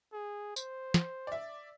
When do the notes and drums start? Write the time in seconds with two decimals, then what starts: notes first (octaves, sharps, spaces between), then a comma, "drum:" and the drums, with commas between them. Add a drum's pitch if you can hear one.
0.12 G#4
0.56 C5, drum: tambourine
0.94 drum: snare
1.27 D5 E5